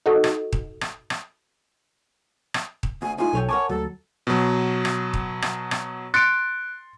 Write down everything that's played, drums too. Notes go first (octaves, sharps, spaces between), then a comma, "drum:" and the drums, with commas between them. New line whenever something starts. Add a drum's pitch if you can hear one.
D#4 F#4 A4 D#5
drum: rim click
drum: kick D#1
drum: rim click
drum: rim click
drum: rim click
drum: kick D#1
D2 G#5
A2 D#4 F4 G#5
B1 A4 C#5 G5
A#4 C#5 F#5 G#5 A5 D6
D2 F#3 A4
B2 F#3
drum: rim click
drum: kick D#1
drum: rim click
drum: rim click
C6 F#6 A6 C#7 D7